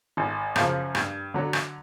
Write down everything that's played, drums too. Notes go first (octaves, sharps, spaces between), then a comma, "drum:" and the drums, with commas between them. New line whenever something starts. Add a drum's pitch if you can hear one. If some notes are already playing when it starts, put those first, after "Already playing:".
G#1
F#2 C#3 F3, drum: rim click
G2, drum: rim click
D3 F#3
drum: rim click